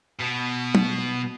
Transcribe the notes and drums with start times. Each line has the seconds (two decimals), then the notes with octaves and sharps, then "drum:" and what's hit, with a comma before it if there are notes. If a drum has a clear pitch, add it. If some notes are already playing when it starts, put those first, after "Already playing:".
0.20 B2 B3
0.75 drum: tom